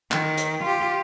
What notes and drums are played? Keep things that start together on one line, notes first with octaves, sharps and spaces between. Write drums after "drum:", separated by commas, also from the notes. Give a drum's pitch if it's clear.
D#3, drum: clap
drum: hi-hat
F4 G4